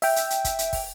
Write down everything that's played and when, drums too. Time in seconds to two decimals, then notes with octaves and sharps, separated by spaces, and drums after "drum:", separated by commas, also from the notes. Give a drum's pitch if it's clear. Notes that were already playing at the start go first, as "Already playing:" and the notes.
0.02 E5 G5, drum: open hi-hat
0.16 drum: hi-hat
0.30 drum: hi-hat
0.44 drum: kick, hi-hat
0.59 drum: hi-hat
0.73 drum: kick, open hi-hat